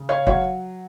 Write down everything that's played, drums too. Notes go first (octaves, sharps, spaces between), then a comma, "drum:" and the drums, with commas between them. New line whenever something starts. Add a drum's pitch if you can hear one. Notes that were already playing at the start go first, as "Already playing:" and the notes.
Already playing: C#3
C#5 F5
F#3 C#5 F5, drum: kick F#1